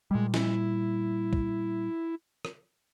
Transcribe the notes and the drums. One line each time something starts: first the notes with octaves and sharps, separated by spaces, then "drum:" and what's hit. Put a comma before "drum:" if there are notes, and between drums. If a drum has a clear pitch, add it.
A#2 G3 G#3
E4, drum: snare
drum: kick
drum: rim click